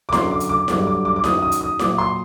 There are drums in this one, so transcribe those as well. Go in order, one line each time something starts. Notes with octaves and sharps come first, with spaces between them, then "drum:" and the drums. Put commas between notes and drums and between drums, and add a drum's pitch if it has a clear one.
D6
F#2 D3 F#3 C6, drum: snare E4
D6
drum: hi-hat
D6
G2 D3 F#3 D6, drum: snare E4
D6
D6
D6
F#2 D#3 F#3 D#6, drum: snare E4
D#6
drum: hi-hat
D#6
A#2 F#3 D6, drum: snare E4
C6